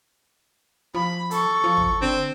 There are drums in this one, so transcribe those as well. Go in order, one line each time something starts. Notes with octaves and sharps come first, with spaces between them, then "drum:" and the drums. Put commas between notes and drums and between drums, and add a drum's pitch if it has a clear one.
F3 B5
A4 C#6, drum: hi-hat
F3
drum: kick
D3 C4